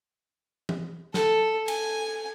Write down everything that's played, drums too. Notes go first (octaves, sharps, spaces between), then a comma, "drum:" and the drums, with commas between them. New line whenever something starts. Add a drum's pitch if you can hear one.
drum: tom E3
A4, drum: snare
G#5, drum: cymbal